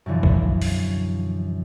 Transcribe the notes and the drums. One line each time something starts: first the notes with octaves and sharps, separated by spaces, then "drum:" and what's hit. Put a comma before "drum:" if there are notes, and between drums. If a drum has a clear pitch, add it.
F#2 B2 D3 E3 F3
drum: kick B1
drum: open hi-hat